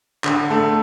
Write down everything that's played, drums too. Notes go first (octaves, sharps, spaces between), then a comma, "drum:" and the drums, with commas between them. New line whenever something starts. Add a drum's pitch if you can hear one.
D3, drum: clap
A3